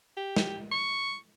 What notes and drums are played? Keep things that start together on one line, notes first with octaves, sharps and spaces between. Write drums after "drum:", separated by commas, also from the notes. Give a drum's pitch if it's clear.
G4
drum: snare
C#6